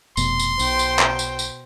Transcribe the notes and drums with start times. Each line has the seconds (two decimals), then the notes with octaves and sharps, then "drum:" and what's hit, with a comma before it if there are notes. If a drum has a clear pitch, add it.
0.17 F1 B2 C6, drum: tambourine
0.39 drum: tambourine
0.59 B1 B2 C5 G5, drum: tambourine
0.79 drum: tambourine
0.99 drum: clap
1.19 drum: tambourine
1.39 drum: tambourine